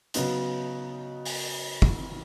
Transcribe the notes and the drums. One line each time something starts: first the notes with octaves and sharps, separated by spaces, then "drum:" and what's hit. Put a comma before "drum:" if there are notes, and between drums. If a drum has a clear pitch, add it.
C#3 F#3 B3 D#4, drum: hi-hat
drum: open hi-hat
drum: kick